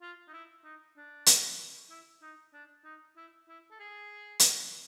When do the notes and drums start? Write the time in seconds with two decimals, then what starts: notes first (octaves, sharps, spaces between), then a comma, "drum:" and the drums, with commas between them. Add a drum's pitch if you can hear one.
0.02 F4
0.28 D#4
0.33 E4
0.64 D#4
0.97 D4
1.26 drum: hi-hat
1.90 E4
2.22 D#4
2.53 D4
2.84 D#4
3.17 E4
3.48 E4
3.71 A4
3.80 G#4
4.39 drum: hi-hat